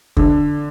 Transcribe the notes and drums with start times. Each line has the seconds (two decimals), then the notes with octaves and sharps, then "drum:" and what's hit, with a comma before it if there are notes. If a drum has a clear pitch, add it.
0.17 D3, drum: kick